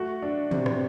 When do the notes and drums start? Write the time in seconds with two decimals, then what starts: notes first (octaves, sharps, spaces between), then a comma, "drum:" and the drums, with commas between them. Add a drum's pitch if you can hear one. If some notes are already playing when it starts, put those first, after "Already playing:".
Already playing: A3 F#4
0.22 D4
0.51 C3, drum: tom
0.66 drum: rim click